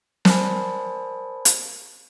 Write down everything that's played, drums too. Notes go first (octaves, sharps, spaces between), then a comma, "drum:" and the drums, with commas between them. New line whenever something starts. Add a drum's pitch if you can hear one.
A#4 C5 D5 G#5 A5 B5, drum: snare
drum: hi-hat